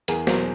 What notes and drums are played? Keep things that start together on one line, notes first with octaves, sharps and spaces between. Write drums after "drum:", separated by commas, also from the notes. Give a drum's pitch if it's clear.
E2 G#4 A#4, drum: hi-hat
B2 F#3 A#4 C5, drum: snare